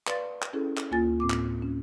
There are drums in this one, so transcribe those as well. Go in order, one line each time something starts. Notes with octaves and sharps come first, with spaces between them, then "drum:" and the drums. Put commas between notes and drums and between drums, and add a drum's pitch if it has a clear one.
B4 D5 F5 C6 A6, drum: clap
drum: clap
C#4 E4 G#4 A4
drum: clap
D2 A#3 F4 G#5 A6
A2 C4 D6
drum: clap
C#4